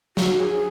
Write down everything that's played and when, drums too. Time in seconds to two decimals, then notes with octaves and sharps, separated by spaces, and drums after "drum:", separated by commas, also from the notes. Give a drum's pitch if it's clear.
0.17 F#4, drum: snare
0.40 G#4